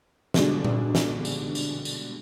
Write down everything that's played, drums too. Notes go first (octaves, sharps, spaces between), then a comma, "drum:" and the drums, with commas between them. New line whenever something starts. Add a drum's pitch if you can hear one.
B2 D3 G3 G#3 D4, drum: snare
drum: tom A#2
drum: snare
drum: tambourine
drum: tambourine
drum: tambourine